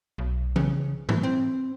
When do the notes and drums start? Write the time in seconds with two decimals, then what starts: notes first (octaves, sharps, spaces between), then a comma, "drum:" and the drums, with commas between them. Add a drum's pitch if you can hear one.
0.18 B1
0.56 C#3, drum: tom E3
1.09 E3, drum: tom G#2
1.23 C4